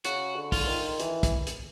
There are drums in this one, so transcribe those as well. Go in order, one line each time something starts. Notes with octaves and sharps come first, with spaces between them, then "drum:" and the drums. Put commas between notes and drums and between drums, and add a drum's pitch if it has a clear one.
C#3 F#4, drum: hi-hat
D3
F4, drum: kick, open hi-hat
D#3
E3, drum: hi-hat
drum: kick, hi-hat
drum: hi-hat